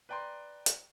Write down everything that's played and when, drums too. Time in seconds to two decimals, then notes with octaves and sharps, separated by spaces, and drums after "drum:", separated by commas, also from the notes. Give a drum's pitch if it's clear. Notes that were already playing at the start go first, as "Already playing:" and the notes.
0.09 B4 D5 G5 A#5 C6
0.66 drum: hi-hat